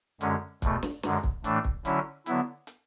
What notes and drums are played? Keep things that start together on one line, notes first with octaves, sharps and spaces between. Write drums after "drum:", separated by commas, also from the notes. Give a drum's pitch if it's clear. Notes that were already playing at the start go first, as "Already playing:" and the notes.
F#2 D3 G#3 C#4, drum: hi-hat
E2 B2 A3, drum: kick, hi-hat
drum: snare
F#2 D3 G#3, drum: snare
drum: kick
A2 E3 A3 D4, drum: hi-hat
drum: kick
D3 F#3 C#4 E4, drum: hi-hat
D3 F#3 B3 E4, drum: hi-hat
drum: hi-hat